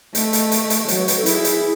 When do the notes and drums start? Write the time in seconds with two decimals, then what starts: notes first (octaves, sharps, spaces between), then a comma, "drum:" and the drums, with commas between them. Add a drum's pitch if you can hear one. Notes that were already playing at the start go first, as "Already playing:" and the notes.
0.15 A3 D#5, drum: hi-hat
0.33 drum: hi-hat
0.52 drum: hi-hat
0.70 drum: hi-hat
0.88 F#3 C#5, drum: hi-hat
0.98 B4
1.08 B4, drum: hi-hat
1.16 A4
1.26 E4 G#4, drum: hi-hat
1.44 drum: hi-hat